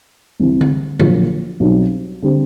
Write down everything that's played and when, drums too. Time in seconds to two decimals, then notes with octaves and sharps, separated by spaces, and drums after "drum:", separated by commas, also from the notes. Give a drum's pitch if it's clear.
0.40 C2 C3 E3
0.61 drum: tom D3
1.00 A#1 A#2 F#3 A#3, drum: tom D3
1.60 B1 B2 G3 C4 D#4
2.22 D3 G3 C4